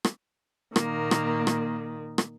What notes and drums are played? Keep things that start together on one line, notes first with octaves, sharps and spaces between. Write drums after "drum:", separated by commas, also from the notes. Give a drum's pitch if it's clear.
drum: rim click
A#2 D#3 A#3, drum: rim click
drum: rim click
drum: rim click
drum: rim click